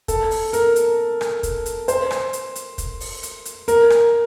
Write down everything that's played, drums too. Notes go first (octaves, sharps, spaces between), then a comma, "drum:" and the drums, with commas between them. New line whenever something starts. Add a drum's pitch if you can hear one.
A4, drum: kick, hi-hat
drum: open hi-hat
A#4, drum: hi-hat
drum: hi-hat
drum: rim click
drum: kick, hi-hat
drum: hi-hat
C5, drum: hi-hat
drum: rim click
drum: hi-hat
drum: hi-hat
drum: kick, hi-hat
drum: open hi-hat
drum: hi-hat
drum: hi-hat
A#4, drum: hi-hat
drum: rim click